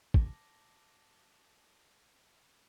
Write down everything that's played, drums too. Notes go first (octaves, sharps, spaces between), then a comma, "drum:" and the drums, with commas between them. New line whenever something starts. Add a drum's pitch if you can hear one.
A5 D6 A#6, drum: kick